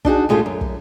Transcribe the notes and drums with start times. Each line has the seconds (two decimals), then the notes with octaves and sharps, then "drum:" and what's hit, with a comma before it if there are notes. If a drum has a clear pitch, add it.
0.05 D4 D#4 F#4 G#4, drum: kick
0.29 A2 G#3 F4 G4 A4
0.46 F#2
0.61 drum: kick